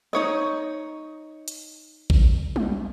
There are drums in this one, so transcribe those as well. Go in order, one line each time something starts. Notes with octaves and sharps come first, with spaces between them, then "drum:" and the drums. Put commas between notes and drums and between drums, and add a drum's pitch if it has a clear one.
D#4 C#5 D#5
drum: hi-hat
drum: kick A1
drum: tom G3